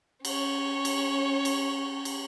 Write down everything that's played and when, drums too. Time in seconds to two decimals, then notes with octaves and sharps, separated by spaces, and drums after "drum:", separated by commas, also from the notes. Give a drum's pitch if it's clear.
0.25 C#4 C#5, drum: cymbal
0.85 drum: cymbal
1.45 drum: cymbal
2.05 drum: cymbal